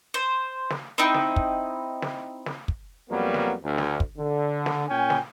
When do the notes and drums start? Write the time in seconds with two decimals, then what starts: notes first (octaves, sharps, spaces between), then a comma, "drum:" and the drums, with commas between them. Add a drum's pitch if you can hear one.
0.14 C5
0.70 drum: snare
0.98 C4 D#4 E4 G5
1.14 drum: snare
1.36 drum: kick
2.02 drum: snare
2.46 drum: snare
2.68 drum: kick
3.10 F2 F#3 G3 A#3 B3
3.34 drum: snare
3.63 D2
3.78 drum: snare
4.00 drum: kick
4.18 D3
4.66 drum: snare
4.88 A#2 C#4 G5 G#5
5.10 drum: snare